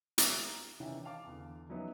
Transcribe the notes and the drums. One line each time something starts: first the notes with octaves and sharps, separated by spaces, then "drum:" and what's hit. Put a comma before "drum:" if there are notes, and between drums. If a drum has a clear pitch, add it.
E5 A5 A#5 E6 F6, drum: hi-hat
C3 D#3 E3 C#4 D4 E4
F5 A5 D6
E2 D3
F3 F#3 B3 C#4 D#4 E4